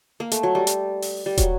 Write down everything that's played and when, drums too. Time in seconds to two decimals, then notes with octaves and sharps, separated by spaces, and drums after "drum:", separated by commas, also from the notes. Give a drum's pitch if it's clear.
0.20 A#3
0.31 A3, drum: hi-hat
0.43 F#3
0.55 G3
0.67 drum: hi-hat
1.02 drum: open hi-hat
1.26 G3
1.37 F#3, drum: kick, hi-hat